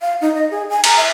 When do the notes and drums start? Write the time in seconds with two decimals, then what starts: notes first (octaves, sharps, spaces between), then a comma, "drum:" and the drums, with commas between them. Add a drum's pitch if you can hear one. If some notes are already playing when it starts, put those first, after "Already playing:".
0.02 F5
0.21 D#4
0.34 D#5
0.51 G#4
0.69 G#5
0.84 A#5, drum: cymbal
0.97 E5